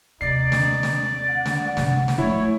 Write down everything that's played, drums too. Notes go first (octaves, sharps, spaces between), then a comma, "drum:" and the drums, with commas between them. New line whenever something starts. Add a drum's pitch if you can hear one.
D#2 C3 D#4 D5 C7
drum: snare
drum: snare
F#5
drum: snare
C3 D#3 F#5, drum: snare
drum: snare
F3 A3 E4 C#5 G#5